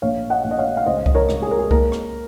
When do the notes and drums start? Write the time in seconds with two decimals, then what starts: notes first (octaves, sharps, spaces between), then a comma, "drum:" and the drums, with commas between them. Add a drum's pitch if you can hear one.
0.02 A#1 C#5 F5
0.30 D#5 F#5
0.44 A#1
0.51 D#5
0.58 C#5 F5
0.77 F5
0.86 C#2 C5 D#5
0.97 F5
1.06 D#5, drum: kick C2
1.14 A#4 C#5
1.29 C#2, drum: rim click
1.42 G#4
1.51 A#4
1.59 G#4
1.71 A#3 A#4, drum: kick C2
1.92 drum: rim click